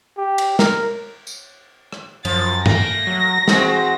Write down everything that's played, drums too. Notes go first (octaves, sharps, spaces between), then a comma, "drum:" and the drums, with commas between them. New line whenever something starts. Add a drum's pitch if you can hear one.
G4
drum: cymbal
A#4, drum: snare
drum: tambourine
drum: rim click
F#2 F3 A6, drum: cymbal
A3 A#3 A#6, drum: tom G2
F#3
E3 G#3 C4 F#4, drum: snare